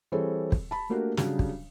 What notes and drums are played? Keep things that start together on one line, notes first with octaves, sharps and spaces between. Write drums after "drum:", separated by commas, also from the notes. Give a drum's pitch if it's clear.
E3 G3 C4 G#4 A4 C#5
drum: kick
A5 B5
A3 A#3 D4 F#4 G4 A#4
C#3 F#3 G3 D4, drum: snare
drum: kick